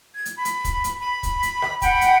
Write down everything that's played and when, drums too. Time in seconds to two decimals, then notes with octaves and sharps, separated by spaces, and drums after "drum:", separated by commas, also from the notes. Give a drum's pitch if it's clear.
0.16 G#6
0.25 drum: hi-hat
0.36 B5
0.45 drum: hi-hat
0.65 drum: kick, hi-hat
0.84 drum: hi-hat
1.00 B5
1.23 drum: kick, hi-hat
1.43 drum: hi-hat
1.62 drum: rim click
1.82 F#5 G5 B5, drum: kick, hi-hat
2.01 drum: hi-hat